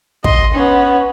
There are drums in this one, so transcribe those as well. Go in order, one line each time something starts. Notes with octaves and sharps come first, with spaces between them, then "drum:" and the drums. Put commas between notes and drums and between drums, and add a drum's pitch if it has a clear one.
D#5 C6, drum: kick
B3 C#4